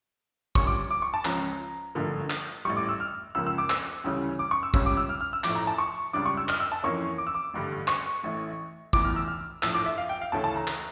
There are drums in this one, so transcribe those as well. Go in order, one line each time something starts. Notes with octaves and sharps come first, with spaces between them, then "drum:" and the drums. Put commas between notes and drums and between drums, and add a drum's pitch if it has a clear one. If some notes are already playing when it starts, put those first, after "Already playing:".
A#1 A#2 G3 C#4 C#6, drum: kick
D6
D6
C#6
A5
C#2 C#3 F3 C#4 A#5, drum: clap
A1 G2 D3 F3 A#3
drum: clap
A1 A2 G3 C#6
D6
E6
F6
C#2 C#3 F3 A#3 E6
E6
D6
E6, drum: clap
D2 C#3 E3 G3 C#4
D6
C#6
E6
C#2 C#3 G3 C#4 E6, drum: kick
D6
E6
F6
F6
E6
A1 A2 F3 D6, drum: clap
A#5
A5
C#6
C#2 C#3 G3 D4 D6
C#6
E6
F6, drum: clap
E6
A5
F2 E3 A#3 C#4 C#6
D6
E6
D6
A1 G2 D3 G3
C#6, drum: clap
A1 A2 E3
F1 E2 E3 D6, drum: kick
F6
E6
F6
A#1 A2 F3 E6, drum: clap
D6
E5
F5
G5
F5
D2 C#3 E3 A3 C#4 A5
A5
A#5
drum: clap